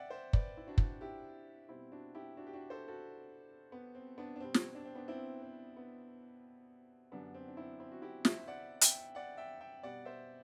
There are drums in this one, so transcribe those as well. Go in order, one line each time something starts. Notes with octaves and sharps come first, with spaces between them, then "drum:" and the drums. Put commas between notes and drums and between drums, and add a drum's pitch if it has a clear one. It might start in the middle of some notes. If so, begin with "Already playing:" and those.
Already playing: D5 E5 F#5 G5
C5 E5
B4 D5, drum: kick
E4
D4 F#4
drum: kick
E4 G4
B2 G3 C4 E4
D4 F#4
E4 G4
D4 F#4
G4
D4 F#4
A4 C5
F#4 A4
B3
C4
B3 D4
D4
B2 G3 C4
drum: snare
D4
C4
B3 D4
C4 E4
C4
B3
F#2 D3 G3 B3 D4
C4
D4
C4 E4
C4 E4
F#4
E4 G4
C5 E5, drum: snare
D5 F#5
E5 G5, drum: hi-hat
D5 F#5
E5 G5
E5 G5
B2 G3 D5 F#5
C5 E5